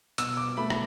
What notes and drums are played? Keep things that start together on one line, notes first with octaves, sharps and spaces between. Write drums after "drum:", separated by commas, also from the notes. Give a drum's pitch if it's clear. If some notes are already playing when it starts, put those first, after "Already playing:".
B2 E6, drum: hi-hat
D6
A3 B5
drum: rim click